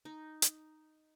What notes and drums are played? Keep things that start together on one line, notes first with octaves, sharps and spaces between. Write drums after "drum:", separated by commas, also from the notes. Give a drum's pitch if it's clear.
D#4
drum: hi-hat